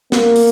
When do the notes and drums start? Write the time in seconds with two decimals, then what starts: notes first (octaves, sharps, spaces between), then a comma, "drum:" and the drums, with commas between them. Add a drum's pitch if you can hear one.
0.12 A#3, drum: snare
0.36 drum: open hi-hat